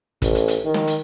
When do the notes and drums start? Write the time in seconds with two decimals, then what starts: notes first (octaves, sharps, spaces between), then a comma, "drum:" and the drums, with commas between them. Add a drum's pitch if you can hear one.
0.22 A1, drum: kick, hi-hat
0.35 drum: hi-hat
0.48 drum: hi-hat
0.65 D#3
0.74 drum: snare
0.87 drum: hi-hat